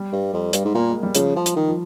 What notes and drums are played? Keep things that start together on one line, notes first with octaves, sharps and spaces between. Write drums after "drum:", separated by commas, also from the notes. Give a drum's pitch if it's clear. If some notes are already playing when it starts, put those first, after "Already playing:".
Already playing: G3
G2
F2
G2, drum: hi-hat
G#2
A#2 A#3
G#3
G3
C#3 F3, drum: hi-hat
F3
drum: hi-hat
D#3
F3